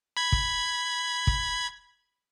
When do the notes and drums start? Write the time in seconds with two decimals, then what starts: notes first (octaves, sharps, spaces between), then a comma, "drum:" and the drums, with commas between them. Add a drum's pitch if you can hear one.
0.17 B5 G#6
0.32 drum: kick
1.27 drum: kick